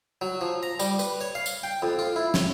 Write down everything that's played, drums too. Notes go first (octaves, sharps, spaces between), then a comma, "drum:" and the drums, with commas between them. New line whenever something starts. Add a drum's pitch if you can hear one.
F#3
F3
A#5
G3, drum: tambourine
B4, drum: tambourine
C#5
F5
drum: tambourine
G5
F2
F4
E4
C#5, drum: snare